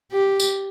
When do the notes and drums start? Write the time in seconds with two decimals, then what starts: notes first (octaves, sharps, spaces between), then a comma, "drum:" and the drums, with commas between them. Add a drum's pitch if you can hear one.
0.12 G4
0.40 drum: tambourine